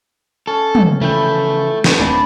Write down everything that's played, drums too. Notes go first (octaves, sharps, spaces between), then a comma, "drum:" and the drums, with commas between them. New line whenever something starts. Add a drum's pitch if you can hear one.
C#4 A4
drum: tom
C#3 E3 F3 A3 G5 B5
drum: snare
D#1 A3 C4 D4 G#5 A5 B5